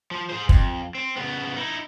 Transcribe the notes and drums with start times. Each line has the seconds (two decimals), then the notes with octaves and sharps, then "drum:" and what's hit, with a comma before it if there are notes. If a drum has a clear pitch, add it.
0.11 F3
0.30 G#4 C5
0.49 F2, drum: kick
0.95 C4
1.16 C#3 B3
1.56 D#4 E4